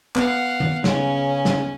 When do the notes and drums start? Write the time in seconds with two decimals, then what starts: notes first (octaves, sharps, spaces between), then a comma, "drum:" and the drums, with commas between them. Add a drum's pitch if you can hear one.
0.16 B3 F5 F#5, drum: clap
0.60 drum: tom D#3
0.84 C#3 C#4, drum: snare
1.45 drum: snare